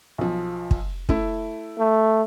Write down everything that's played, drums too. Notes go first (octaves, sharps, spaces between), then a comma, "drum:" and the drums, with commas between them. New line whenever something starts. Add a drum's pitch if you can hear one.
B1 F3
drum: kick
A3 E4, drum: kick
A3